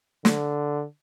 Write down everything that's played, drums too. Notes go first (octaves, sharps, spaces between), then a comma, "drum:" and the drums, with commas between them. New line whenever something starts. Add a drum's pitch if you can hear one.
D3, drum: snare